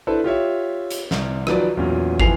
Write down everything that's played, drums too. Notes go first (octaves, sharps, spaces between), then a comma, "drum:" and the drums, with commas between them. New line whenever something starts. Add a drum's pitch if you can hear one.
D4 E4 A4 B4 C5
F4 G4 C#5 E5
drum: hi-hat
C2, drum: snare
D#3 F3 F#3 B4 D5, drum: rim click
E2 A#2 F#3 C#4
F2 E3 F4 G#5 C7 F7, drum: kick